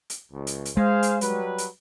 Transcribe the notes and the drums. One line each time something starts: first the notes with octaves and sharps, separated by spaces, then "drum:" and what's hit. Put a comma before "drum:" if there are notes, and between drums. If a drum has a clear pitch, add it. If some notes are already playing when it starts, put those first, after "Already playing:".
drum: hi-hat
C#2
drum: hi-hat
drum: hi-hat
G#3 G#4 C5 F5
drum: hi-hat
F#3 G3 B4, drum: hi-hat
drum: hi-hat